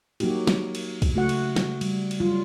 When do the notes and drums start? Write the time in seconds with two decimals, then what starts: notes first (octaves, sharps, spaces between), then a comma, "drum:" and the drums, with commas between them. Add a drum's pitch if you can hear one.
0.20 F#3 A#3 D#4 F#4 G4, drum: cymbal
0.47 drum: snare
0.75 drum: cymbal
1.02 drum: kick, cymbal
1.14 C#3 A3 F#4 F#5
1.29 drum: cymbal
1.56 drum: snare
1.81 G3, drum: cymbal
2.11 drum: cymbal
2.20 F#3 G3 F4